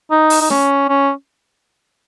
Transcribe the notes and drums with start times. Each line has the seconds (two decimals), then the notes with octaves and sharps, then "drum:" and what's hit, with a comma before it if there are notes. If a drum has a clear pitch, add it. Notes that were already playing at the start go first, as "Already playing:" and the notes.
0.11 D#4
0.30 drum: open hi-hat
0.41 D#4
0.50 C#4, drum: snare
0.89 C#4